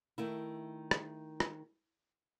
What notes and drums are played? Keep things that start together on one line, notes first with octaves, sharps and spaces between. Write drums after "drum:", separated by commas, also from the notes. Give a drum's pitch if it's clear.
D#3 A3 E4
drum: rim click
drum: rim click